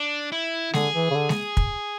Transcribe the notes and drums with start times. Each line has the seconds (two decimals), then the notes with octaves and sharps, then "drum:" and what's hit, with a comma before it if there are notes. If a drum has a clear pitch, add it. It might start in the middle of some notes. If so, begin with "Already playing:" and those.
Already playing: D4
0.32 E4
0.73 D3 G#4, drum: snare G#3
0.94 E3
1.11 C#3
1.15 D3
1.29 drum: snare G#3
1.57 drum: kick